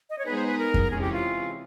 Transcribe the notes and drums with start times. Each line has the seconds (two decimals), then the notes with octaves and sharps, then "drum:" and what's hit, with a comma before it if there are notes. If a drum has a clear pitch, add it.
0.10 D#5
0.18 C#5
0.26 G#3 B3 D#4 G#4 B4
0.36 C5
0.47 B4
0.58 A#4
0.74 drum: kick F2
0.91 C3 E3 G#3 C#4 G#4
1.01 G4
1.12 F4